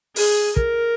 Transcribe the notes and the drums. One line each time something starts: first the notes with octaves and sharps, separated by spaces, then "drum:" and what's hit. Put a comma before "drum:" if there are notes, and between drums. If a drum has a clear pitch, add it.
G#4, drum: open hi-hat
A#4, drum: kick